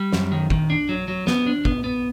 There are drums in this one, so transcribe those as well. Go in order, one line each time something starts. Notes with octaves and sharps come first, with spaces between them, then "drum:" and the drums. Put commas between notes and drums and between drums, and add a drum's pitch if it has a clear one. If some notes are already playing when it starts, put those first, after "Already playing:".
Already playing: G3
F#2, drum: snare
D#3
D#3, drum: kick
D4
F#3
F#3
B3, drum: snare
D4
B3, drum: kick
B3